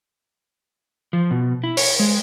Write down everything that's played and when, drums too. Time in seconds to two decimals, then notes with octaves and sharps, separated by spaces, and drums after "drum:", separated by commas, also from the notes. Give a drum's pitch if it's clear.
1.13 F3
1.31 B2
1.64 E4
1.77 C#5, drum: open hi-hat
2.00 G#3